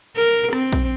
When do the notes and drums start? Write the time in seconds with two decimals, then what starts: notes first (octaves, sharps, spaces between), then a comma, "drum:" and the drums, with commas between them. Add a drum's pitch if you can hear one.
0.16 A#4
0.53 C4, drum: rim click
0.72 drum: kick A#1